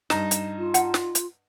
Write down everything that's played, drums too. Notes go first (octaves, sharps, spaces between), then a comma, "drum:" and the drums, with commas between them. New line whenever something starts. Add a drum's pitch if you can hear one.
G2 D#4 A#5 E7, drum: snare
drum: hi-hat
F4
F#5, drum: hi-hat
drum: snare
drum: hi-hat